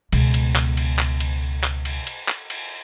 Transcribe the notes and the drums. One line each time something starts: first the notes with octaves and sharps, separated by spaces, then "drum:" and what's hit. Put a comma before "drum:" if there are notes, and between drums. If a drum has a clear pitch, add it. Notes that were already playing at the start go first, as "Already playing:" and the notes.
C#2 B2, drum: cymbal
drum: cymbal
drum: clap
drum: cymbal
drum: clap
drum: cymbal
drum: clap
drum: cymbal
drum: cymbal
drum: clap
drum: cymbal